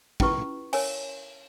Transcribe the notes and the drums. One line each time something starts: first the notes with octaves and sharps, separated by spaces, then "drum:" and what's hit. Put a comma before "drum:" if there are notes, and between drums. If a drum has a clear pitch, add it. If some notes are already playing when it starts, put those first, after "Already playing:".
C#4 E4 F4 G4 B4 C#6, drum: kick
A#4 C#5 G#5, drum: cymbal